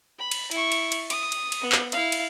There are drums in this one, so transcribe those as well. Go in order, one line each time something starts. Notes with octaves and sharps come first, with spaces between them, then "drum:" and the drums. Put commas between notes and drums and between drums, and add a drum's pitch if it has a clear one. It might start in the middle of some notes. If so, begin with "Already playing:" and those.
B5
drum: cymbal
E4 C#6, drum: cymbal
drum: cymbal
drum: cymbal
D#6, drum: cymbal
drum: cymbal
drum: cymbal
B3
drum: clap
E4 F5, drum: cymbal
drum: cymbal